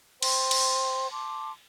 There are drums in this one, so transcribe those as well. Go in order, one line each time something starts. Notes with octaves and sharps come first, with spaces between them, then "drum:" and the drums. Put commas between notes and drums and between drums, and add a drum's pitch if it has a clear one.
C5 G5 C6, drum: cymbal
drum: cymbal
A5 C6 D6